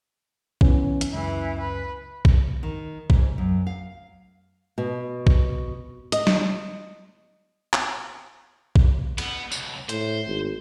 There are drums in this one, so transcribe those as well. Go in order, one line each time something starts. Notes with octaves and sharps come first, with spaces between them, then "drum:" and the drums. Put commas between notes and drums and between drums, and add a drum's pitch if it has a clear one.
E3 B3 C#4, drum: kick
drum: hi-hat
C#2 F#2 E3
B4
drum: kick
D#3
G#2, drum: kick
F#2
F5
B2
drum: kick
D#5, drum: hi-hat
drum: snare
drum: clap
drum: kick
B3, drum: cymbal
C#2 B2, drum: tambourine
A2 C5, drum: hi-hat
G#1